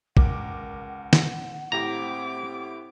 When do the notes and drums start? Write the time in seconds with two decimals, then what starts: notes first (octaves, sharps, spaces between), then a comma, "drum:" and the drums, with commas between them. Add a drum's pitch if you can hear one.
0.17 C#2 A#4 F#5 D6, drum: kick A1
1.13 drum: snare
1.72 A2 C4 E4 G4 A#5 D6